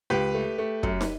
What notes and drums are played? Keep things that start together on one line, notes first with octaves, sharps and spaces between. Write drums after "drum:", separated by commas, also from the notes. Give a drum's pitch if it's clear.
C#2 G4 B4
A3
A3
F#2, drum: kick
drum: snare